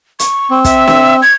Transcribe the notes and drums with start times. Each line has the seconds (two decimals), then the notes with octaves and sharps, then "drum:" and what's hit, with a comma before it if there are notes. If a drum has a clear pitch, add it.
0.19 C#6, drum: hi-hat
0.51 C4
0.64 E5, drum: kick, hi-hat
0.88 drum: snare
1.22 G#6